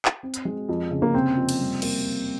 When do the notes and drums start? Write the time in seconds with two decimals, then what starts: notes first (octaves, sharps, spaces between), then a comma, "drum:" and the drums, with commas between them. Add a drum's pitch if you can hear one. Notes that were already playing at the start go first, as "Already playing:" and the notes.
0.05 drum: clap
0.23 C4
0.34 drum: hi-hat
0.45 G#3
0.69 F2
0.91 C#3
1.02 A#3
1.14 C3 C4
1.37 F2
1.49 drum: cymbal
1.60 G3
1.82 A#3, drum: cymbal